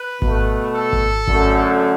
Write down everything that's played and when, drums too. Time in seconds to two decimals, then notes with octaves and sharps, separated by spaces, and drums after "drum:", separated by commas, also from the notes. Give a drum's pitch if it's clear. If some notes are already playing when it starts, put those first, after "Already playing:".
Already playing: B4
0.22 B2 A3, drum: kick G#1
0.76 A4
0.93 drum: kick G#1
1.28 F#2 D3 A3, drum: kick G#1